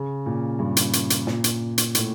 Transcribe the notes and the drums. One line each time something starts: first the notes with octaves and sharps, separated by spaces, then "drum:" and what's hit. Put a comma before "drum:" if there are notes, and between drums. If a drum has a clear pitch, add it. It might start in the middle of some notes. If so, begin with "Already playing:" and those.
Already playing: C#3
A#2
G2
drum: hi-hat
drum: hi-hat
drum: hi-hat
A#2, drum: snare
drum: hi-hat
drum: hi-hat
A2, drum: hi-hat